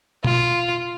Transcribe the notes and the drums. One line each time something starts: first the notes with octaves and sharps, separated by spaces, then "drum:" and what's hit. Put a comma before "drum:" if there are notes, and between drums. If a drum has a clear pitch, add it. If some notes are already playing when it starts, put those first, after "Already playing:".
F4, drum: tom B2